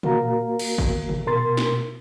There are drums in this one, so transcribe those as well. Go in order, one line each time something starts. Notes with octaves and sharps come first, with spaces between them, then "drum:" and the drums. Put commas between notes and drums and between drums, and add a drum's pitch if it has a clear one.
A#3 F#4 A#4 F5 A#5, drum: tom
drum: cymbal
drum: kick G#1
drum: tom
B2 A#4 C6 A6
drum: snare